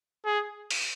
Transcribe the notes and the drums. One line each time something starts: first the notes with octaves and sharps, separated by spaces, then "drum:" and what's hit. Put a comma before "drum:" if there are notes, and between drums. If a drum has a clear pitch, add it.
G#4
drum: open hi-hat